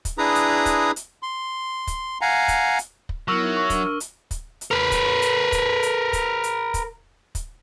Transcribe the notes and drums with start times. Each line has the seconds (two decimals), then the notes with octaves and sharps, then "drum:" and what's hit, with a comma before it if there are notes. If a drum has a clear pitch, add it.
0.05 drum: kick, hi-hat
0.18 D4 E4 G#4 B4 A#5 D#6
0.35 drum: hi-hat
0.66 drum: kick, hi-hat
0.96 drum: hi-hat
1.23 C6
1.87 drum: kick, hi-hat
2.21 F5 F#5 G#5 A#5
2.48 drum: kick, hi-hat
2.79 drum: hi-hat
3.09 drum: kick
3.28 F#3 B3 E4 A#4 C#6 E6 F6
3.43 D#4 A#4 E5
3.57 E5 C#6 E6
3.70 D4 A#4, drum: kick, hi-hat
3.86 F6
4.00 drum: hi-hat
4.31 drum: kick, hi-hat
4.61 drum: hi-hat
4.71 A#4 B4
4.92 drum: kick, hi-hat
5.22 drum: hi-hat
5.52 drum: kick, hi-hat
5.83 drum: hi-hat
6.13 drum: kick, hi-hat
6.44 drum: hi-hat
6.74 drum: kick, hi-hat
7.35 drum: kick, hi-hat